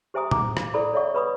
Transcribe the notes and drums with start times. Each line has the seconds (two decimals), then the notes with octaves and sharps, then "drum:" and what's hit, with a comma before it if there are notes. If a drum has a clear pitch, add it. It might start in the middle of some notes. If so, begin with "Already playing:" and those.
0.14 G4 C5 E5 G#5 A#5 D#6
0.31 G#5 A#5 D6, drum: tom A2
0.57 F5, drum: rim click
0.74 E4 A4 C5 D5 B5
0.94 C#5 D5 E5 F#5 C#6
1.14 B4 C#5 B5 C6 D#6